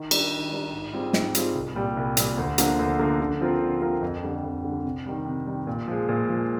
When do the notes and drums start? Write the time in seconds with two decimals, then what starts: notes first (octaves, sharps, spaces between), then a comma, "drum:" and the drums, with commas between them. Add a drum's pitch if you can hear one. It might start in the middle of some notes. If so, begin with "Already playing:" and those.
Already playing: D#3
0.11 G3 D4 G4 A#4, drum: cymbal
0.32 D#3
0.52 G3 D4 G4 A#4
0.73 G#2
0.93 G3 C4 F4 G#4
1.13 G#2, drum: snare
1.35 G3 C4 F4 G#4, drum: hi-hat
1.55 C2
1.75 A#2 G3
1.97 C2
2.17 A#2 G3, drum: hi-hat
2.38 D2
2.58 D3 F3 A#3, drum: hi-hat
2.79 D2
2.99 D3 F3 A#3
3.20 D3
3.41 F3 C4 F4 A#4
3.61 D3
3.81 F3 C4 F4 A#4
4.02 F2
4.23 D3 G3
4.44 F2
4.64 D3 G3
4.85 C3
5.06 D#3 G3
5.25 C3
5.46 D#3 G3
5.67 A#2
5.88 F3 G#3
6.09 A#2
6.29 F3 G#3